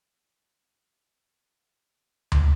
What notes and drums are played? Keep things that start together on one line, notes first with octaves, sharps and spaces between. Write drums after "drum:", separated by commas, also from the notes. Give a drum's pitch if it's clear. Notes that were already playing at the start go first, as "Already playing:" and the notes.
D5 A5 A#5 F#6
drum: tom D2